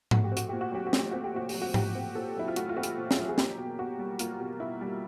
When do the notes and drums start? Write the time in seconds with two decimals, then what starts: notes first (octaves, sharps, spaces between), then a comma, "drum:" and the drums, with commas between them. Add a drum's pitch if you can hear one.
0.11 A3 F#4, drum: tom G#2
0.24 G4
0.32 C4
0.37 F#4, drum: hi-hat
0.49 A#2 G4
0.61 F#4
0.72 F#3 G4
0.87 F#4
0.93 A3, drum: snare
0.99 G4
1.11 C4 F#4
1.24 G4
1.34 A#2 F#4
1.49 G4, drum: open hi-hat
1.54 F#3
1.62 F#4
1.74 A3 G4, drum: tom G#2
1.95 C4
2.15 A#2 A4
2.36 F#3 E4
2.48 F4
2.56 A3 F#4, drum: hi-hat
2.69 F4
2.77 C4 F#4
2.83 G4, drum: hi-hat
2.97 A#2
3.11 G#4, drum: snare
3.17 F#3
3.29 G#4
3.38 A#3 G4, drum: snare
3.58 B2
3.79 B2 F#4
3.99 G3
4.19 A#3 F4, drum: hi-hat
4.40 B2
4.60 B2 E4
4.81 G3